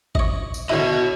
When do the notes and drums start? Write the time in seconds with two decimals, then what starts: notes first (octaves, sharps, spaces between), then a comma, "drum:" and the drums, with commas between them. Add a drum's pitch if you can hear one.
0.15 C#5 D#5, drum: kick
0.54 drum: tambourine
0.69 D3 E4 F#4 C#5 D#5 E5